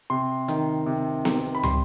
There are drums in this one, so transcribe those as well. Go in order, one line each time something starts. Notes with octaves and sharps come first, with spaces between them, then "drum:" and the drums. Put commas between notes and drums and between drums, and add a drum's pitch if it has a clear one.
C3 C6
D#3, drum: hi-hat
C3
C3, drum: snare B3
B5
G3 C6, drum: tom